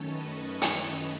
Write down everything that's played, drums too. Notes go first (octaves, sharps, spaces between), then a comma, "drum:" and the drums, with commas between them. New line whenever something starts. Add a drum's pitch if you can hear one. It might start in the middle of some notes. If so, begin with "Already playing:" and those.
Already playing: F#2 D#3 A3 C#4 A4 C#5
B4 D#5
drum: hi-hat